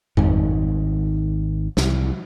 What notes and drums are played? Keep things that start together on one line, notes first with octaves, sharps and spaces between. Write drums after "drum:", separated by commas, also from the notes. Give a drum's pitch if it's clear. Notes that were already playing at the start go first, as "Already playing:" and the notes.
G#1 D#3, drum: tom F2
C2, drum: snare